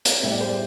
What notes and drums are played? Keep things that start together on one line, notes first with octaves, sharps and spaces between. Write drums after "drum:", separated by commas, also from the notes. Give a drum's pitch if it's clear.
drum: hi-hat
A2 G3 B3 E5
D5
C5
D5